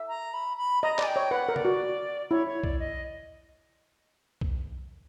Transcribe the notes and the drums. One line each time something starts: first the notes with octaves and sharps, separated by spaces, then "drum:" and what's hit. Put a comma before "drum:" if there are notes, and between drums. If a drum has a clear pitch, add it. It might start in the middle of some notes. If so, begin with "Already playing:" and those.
Already playing: E5
A#5
B5
B5
D#5 A#5
D5 G#5, drum: clap
G5
C#5
B4 F#5
A#4
D5, drum: tom C#3
F#4
E4 C#5
C#5
D5, drum: kick B1
D#5
drum: kick B1